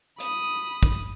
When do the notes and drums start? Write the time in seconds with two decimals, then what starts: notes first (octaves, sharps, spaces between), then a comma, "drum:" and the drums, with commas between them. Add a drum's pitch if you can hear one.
0.20 B5 D#6, drum: hi-hat
0.83 drum: kick